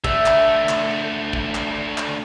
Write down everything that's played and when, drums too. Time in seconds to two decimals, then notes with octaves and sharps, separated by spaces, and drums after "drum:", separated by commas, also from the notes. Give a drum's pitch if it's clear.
0.04 D3 A3 E5, drum: kick
0.26 drum: clap
0.69 drum: clap
1.33 drum: kick
1.55 drum: clap
1.98 drum: clap